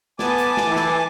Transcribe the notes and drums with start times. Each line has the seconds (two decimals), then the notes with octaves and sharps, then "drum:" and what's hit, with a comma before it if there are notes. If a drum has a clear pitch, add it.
0.19 B3 G#5 A5 D6, drum: snare
0.38 drum: hi-hat
0.57 drum: snare
0.67 E3
0.76 drum: snare